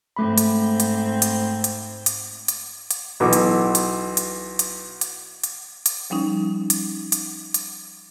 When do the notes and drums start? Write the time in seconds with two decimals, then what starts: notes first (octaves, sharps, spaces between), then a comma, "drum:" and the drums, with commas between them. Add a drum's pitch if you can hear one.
0.16 G#2 A3 C4 B5
0.38 drum: hi-hat
0.80 drum: hi-hat
1.22 drum: hi-hat
1.64 drum: hi-hat
2.06 drum: hi-hat
2.48 drum: hi-hat
2.91 drum: hi-hat
3.20 B1 B2 E3 C#6 D6
3.33 drum: hi-hat
3.75 drum: hi-hat
4.17 drum: hi-hat
4.59 drum: hi-hat
5.01 drum: hi-hat
5.44 drum: hi-hat
5.86 drum: hi-hat
6.10 F3 G3 C#4 D#4
6.70 drum: hi-hat
7.12 drum: hi-hat
7.54 drum: hi-hat